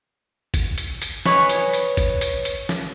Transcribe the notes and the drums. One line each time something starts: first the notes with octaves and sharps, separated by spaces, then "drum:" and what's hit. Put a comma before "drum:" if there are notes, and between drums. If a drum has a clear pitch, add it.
drum: kick A1, hi-hat
drum: hi-hat
drum: hi-hat
B4 C#5 D#5 G#5, drum: snare
drum: hi-hat
drum: hi-hat
drum: kick A1, hi-hat
drum: hi-hat
drum: hi-hat
drum: snare